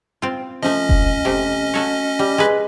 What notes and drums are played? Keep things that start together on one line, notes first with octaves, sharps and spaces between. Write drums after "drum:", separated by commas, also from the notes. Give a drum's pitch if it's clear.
C4 F4
F3 A3 C#4 D#5
drum: kick F1
C3 A3
F#4 A4 C#5
G3
G#3 B4